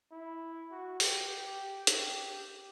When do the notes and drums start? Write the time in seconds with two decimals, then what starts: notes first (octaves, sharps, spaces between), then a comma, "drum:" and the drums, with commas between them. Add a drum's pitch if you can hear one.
0.12 E4
0.71 F#4
1.00 G4, drum: open hi-hat
1.28 G4
1.87 G4, drum: hi-hat